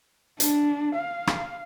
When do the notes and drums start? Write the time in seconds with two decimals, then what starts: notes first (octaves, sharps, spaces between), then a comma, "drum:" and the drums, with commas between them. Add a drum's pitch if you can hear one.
0.40 D4, drum: hi-hat
0.96 F5
1.27 drum: rim click